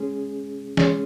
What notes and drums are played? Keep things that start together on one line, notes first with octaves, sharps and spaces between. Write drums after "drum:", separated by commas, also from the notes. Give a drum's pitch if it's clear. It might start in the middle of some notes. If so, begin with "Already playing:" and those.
Already playing: G#3 C#4 G#4
G#3 C#4 G#4, drum: snare E3